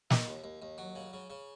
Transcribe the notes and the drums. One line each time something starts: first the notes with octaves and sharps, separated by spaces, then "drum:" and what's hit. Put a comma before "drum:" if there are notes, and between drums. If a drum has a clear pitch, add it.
D#3, drum: snare
D#2
D#2
D#2
F#3
C#3
C#3
C#3